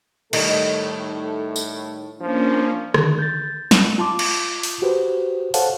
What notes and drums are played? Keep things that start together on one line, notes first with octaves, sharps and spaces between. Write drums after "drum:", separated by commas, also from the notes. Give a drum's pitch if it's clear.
A2 D#3 G3 A3 D#4 A4, drum: cymbal
drum: tambourine
F3 A#3 C#4 D4
D3 D#3, drum: rim click
G6 A6
drum: snare
F4 A5 C6 D6
drum: cymbal
drum: open hi-hat
F#4 G4 B4 C5
A4 C5 C#5 F5 F#5 A5, drum: open hi-hat